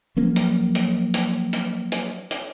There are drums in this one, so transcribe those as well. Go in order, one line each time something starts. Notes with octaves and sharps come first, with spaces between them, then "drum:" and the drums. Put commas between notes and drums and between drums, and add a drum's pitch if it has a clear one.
F3 F#3 A#3 C#4
drum: hi-hat
drum: hi-hat
drum: hi-hat
drum: hi-hat
drum: hi-hat
drum: hi-hat